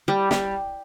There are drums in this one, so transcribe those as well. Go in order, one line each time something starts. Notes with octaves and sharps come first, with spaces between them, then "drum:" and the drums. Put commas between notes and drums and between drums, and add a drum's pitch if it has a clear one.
G3
G3, drum: snare